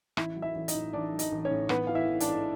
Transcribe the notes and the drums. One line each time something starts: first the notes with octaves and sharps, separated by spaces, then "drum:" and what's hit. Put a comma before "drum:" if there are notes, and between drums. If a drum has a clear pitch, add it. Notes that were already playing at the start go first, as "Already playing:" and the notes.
A1 E4 E5, drum: rim click
F#3
E4 E5
A1
D#4 D#5, drum: hi-hat
A2
A1 D4 D5
F#3
D#4 D#5, drum: hi-hat
A1
C#4 C#5
A2
A1 B3 B4, drum: rim click
E3 F5
E4 E5
A1
D4 D5, drum: hi-hat
G#2